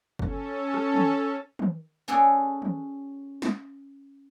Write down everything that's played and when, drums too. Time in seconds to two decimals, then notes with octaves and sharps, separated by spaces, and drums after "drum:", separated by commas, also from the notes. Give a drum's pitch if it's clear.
0.19 C#4 A4, drum: kick F#1
0.74 drum: rim click
0.94 drum: tom
1.59 drum: tom
2.08 C#4 F#4 G#4 A4 C#5 D5
2.62 drum: tom
3.42 drum: snare